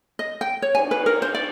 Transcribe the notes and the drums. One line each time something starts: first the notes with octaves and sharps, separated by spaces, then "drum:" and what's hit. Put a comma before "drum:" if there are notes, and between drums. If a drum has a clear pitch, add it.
D#5
G5
C#5
G#5, drum: cymbal
B4
A#4
C5
D5